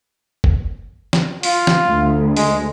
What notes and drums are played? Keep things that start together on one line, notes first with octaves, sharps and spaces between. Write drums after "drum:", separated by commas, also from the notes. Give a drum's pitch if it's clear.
drum: kick
drum: snare
F4, drum: open hi-hat
drum: snare
D2
G#3, drum: open hi-hat